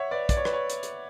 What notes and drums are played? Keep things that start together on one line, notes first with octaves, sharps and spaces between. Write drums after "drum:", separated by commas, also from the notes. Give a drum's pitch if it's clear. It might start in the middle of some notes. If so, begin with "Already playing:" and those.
Already playing: C#5 E5 F#5
B4 D5
D5, drum: kick, hi-hat
C#5
B4, drum: rim click
C#5
drum: hi-hat
drum: hi-hat